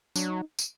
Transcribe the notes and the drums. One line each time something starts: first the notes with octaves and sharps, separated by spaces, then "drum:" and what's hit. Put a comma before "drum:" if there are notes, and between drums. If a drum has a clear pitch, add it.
F#3 D4, drum: tambourine
D#4
drum: tambourine